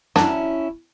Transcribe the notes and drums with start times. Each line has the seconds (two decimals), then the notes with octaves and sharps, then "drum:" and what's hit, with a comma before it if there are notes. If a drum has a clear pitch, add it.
0.16 F#3 C#4 D4 E4, drum: snare